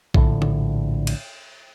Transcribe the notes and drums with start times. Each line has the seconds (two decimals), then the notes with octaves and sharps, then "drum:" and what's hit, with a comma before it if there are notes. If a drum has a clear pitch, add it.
0.14 A#1 A2 D3, drum: kick B1
0.42 drum: tom D3
1.07 drum: cymbal